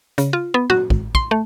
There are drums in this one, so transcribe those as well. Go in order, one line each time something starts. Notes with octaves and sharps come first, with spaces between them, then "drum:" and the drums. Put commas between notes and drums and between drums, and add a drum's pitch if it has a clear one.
C#3, drum: hi-hat
F4
B3
F#4, drum: tom
G#1, drum: kick
C6, drum: kick
A3